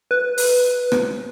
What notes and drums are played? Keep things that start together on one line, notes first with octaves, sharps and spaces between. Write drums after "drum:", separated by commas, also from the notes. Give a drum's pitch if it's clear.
B4
drum: open hi-hat
drum: rim click